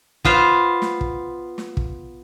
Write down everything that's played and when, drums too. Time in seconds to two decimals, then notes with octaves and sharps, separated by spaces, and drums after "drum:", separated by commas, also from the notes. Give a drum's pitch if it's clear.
0.25 B3 F4 C5 F5, drum: kick
0.82 drum: snare
1.01 drum: kick
1.58 drum: snare
1.77 drum: kick